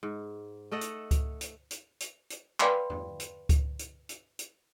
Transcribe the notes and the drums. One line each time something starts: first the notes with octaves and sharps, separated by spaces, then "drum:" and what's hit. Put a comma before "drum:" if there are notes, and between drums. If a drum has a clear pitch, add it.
G#2
A3 A4 D#5 F#5
drum: hi-hat
drum: kick C#2, hi-hat
drum: hi-hat
drum: hi-hat
drum: hi-hat
drum: hi-hat
B4 D5 F5 G5 B5 C6, drum: clap
drum: tom E2
drum: hi-hat
drum: kick C#2, hi-hat
drum: hi-hat
drum: hi-hat
drum: hi-hat